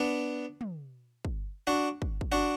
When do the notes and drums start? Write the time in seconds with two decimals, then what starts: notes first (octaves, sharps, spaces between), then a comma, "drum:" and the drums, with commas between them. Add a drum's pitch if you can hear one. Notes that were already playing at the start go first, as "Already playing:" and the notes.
Already playing: B3 D4
0.61 drum: tom
1.25 drum: kick
1.67 D4 F#4
2.02 drum: kick
2.21 drum: kick
2.32 D4 F#4